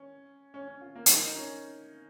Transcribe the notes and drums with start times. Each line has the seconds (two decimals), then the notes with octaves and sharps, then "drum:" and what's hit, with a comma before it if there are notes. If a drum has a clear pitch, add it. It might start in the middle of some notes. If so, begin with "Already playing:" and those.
Already playing: C#4
0.54 C#4
0.68 C#4
0.81 F4
0.95 A#3
1.06 A#3, drum: hi-hat
1.16 D#4
1.27 D#4
1.37 C#4